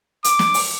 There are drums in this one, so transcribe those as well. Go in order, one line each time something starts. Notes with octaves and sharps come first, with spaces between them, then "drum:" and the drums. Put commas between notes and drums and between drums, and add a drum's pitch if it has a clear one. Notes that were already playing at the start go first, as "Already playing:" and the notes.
D6, drum: hi-hat
drum: snare
drum: open hi-hat